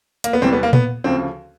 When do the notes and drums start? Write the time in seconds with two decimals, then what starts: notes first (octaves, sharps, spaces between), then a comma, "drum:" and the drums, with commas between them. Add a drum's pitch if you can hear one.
0.24 A#3, drum: hi-hat
0.33 B3
0.42 E2 C3 E3 G3 C4
0.53 B3
0.63 A#3
0.73 B3, drum: tom A#2
1.04 D2 C#3 F3 C4